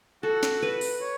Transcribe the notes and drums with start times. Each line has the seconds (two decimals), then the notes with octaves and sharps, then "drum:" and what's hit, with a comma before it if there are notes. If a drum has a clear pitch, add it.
0.23 F#4 A4
0.43 drum: snare
0.62 B4
0.81 drum: open hi-hat
1.01 C#5